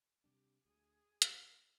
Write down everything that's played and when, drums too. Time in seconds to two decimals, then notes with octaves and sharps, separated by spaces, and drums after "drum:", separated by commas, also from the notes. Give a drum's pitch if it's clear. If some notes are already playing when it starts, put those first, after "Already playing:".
0.24 C3 G3 D4 G4
0.65 D2 G#4
1.22 drum: hi-hat